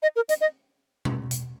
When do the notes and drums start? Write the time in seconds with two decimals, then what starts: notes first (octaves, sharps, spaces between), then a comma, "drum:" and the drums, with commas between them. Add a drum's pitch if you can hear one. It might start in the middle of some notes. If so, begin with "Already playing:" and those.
0.03 D#5
0.16 A#4
0.29 D#5, drum: hi-hat
0.41 D#5
1.05 drum: tom B2
1.31 drum: hi-hat